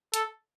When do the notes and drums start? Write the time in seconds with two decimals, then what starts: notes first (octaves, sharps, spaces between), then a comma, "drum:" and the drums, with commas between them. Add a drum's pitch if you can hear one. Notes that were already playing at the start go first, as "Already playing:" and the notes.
0.14 A4, drum: hi-hat